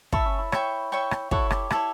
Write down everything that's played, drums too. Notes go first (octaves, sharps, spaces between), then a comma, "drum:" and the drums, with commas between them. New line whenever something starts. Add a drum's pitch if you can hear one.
E4 A4 C#5 E5 B5, drum: kick
C#4
E4
C#5 E5 G5 C#6, drum: rim click
C#5 E5 G5 C#6
drum: rim click
E4 F#4 A4 C#5, drum: kick
G4, drum: rim click
E4 A4 C#5, drum: rim click